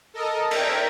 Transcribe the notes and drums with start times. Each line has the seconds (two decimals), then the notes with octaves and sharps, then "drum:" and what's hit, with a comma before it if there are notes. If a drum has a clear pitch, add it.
0.14 A4 A#4 D#5
0.51 A#4 E5 G5, drum: cymbal